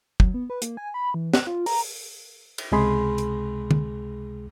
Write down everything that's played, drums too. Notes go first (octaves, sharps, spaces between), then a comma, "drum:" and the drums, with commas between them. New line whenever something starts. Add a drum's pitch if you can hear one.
F#3, drum: kick
B3
B4
A#3, drum: hi-hat
G#5
B5
E3
F#6, drum: snare
F4
A#5, drum: open hi-hat
drum: cymbal
C#2 C3 G#3 G#4 B5 C6
drum: hi-hat
drum: tom